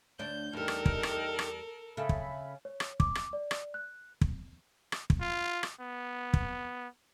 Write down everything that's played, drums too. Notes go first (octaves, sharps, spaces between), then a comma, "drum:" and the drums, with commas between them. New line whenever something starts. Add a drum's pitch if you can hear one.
D2 D4 G6
E2 G3 D#4 A4 A#4 G5 F6
drum: rim click
drum: kick
drum: rim click
drum: rim click
C#3 A4 E5 B5
drum: kick
C#5
drum: rim click
D6, drum: kick
drum: rim click
D5
drum: rim click
F#6
drum: kick
drum: rim click
drum: kick
F4
drum: rim click
B3
drum: kick